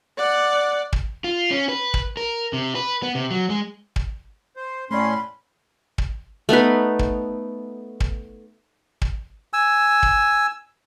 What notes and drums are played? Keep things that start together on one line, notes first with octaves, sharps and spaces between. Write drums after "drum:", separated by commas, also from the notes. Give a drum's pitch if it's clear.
D5 F#5
drum: kick
F4
C#4
B4
drum: kick
A#4
C3
B4
B3
C3
F#3
G#3
drum: kick
C5
A2 A3 C#4 D5 B5 C6
drum: kick
A3 B3 D#4 B4
drum: kick
drum: kick
drum: kick
G#5 E6
drum: kick